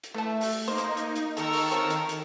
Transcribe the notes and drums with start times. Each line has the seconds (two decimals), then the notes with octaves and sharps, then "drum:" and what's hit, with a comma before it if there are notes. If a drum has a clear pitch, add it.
0.03 drum: hi-hat
0.14 E3 A3 A5
0.41 drum: open hi-hat
0.68 A#3 D#4 C5
0.78 drum: hi-hat
0.97 drum: hi-hat
1.16 drum: hi-hat
1.37 D#3 G#3 A4 A#4 C#6 E6, drum: hi-hat
1.53 drum: open hi-hat
1.72 F3 C4 C#5, drum: hi-hat
1.90 drum: hi-hat
2.09 drum: hi-hat